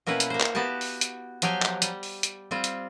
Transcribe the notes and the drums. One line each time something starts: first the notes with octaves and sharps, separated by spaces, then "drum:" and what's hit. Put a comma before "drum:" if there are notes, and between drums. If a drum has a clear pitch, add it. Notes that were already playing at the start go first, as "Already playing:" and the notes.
B2 A#3 C#4 E4 B4
drum: hi-hat
A#3 C5
drum: clap
B3 F#4 G4 A5
drum: open hi-hat
drum: hi-hat
F3 F#3 G4 F5 G5 G#5, drum: hi-hat
drum: clap
G3, drum: hi-hat
drum: open hi-hat
drum: hi-hat
G3 C4 F4
drum: hi-hat